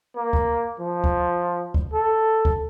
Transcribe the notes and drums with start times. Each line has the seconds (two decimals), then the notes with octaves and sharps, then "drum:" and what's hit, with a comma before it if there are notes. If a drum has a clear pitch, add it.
0.16 A#3
0.33 drum: kick
0.80 F3
1.04 drum: kick
1.74 drum: kick
1.94 A4
2.45 drum: kick